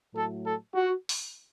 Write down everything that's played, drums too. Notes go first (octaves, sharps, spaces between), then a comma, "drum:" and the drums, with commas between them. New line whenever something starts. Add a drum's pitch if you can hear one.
A2 F#3 A3 A4
A4
F#4
drum: open hi-hat